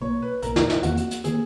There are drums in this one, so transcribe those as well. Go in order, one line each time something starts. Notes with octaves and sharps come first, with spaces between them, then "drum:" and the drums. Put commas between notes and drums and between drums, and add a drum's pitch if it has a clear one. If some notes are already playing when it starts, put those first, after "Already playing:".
B1 B2 A#3 C#5
B4
B1 B2 A#3 A#4, drum: hi-hat
drum: snare
drum: snare
E2 D#3 A#3 F#4, drum: hi-hat
drum: hi-hat
drum: hi-hat
D#3 A#3 G#4, drum: hi-hat